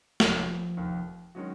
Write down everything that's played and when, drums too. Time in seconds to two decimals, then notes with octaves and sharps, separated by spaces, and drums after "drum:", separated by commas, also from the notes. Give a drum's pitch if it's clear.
0.20 F1 D#2 D#3 F3, drum: snare
0.77 F1 D#2 D#3
1.35 D#3 F#3 G#3 C#4 F#4